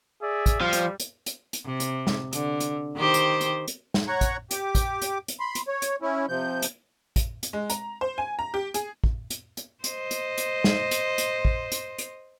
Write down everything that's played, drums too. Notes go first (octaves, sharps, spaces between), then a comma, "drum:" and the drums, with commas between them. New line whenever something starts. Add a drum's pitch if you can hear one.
G#4 D5 E5
drum: kick, hi-hat
F3 G3
drum: hi-hat
drum: hi-hat
drum: hi-hat
drum: hi-hat
C3
drum: hi-hat
drum: snare
D3, drum: hi-hat
drum: hi-hat
D#3 G4 C5
drum: hi-hat
drum: hi-hat
drum: hi-hat
drum: snare
C#5 F#5 A#5 C#6
drum: kick, hi-hat
G4 D6, drum: hi-hat
drum: kick, hi-hat
drum: hi-hat
drum: hi-hat
B5 C6
drum: hi-hat
C#5
drum: hi-hat
C#4 E4
C3 F3 G6
drum: hi-hat
drum: kick, hi-hat
drum: hi-hat
G#3
A#5, drum: hi-hat
C5
G#5
A#5
G4
G#4, drum: hi-hat
drum: kick
drum: hi-hat
drum: hi-hat
C5 D#5, drum: hi-hat
drum: hi-hat
drum: hi-hat
drum: snare
drum: hi-hat
drum: hi-hat
drum: kick
drum: hi-hat
drum: hi-hat